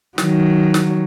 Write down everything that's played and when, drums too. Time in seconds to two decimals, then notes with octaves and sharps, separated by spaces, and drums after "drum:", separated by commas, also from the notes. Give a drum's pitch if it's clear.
0.18 D#3 F#3, drum: snare
0.74 drum: snare